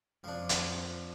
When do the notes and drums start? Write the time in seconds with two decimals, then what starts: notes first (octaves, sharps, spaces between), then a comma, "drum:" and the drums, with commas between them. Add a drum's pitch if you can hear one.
0.24 F2 F3 D4
0.49 drum: hi-hat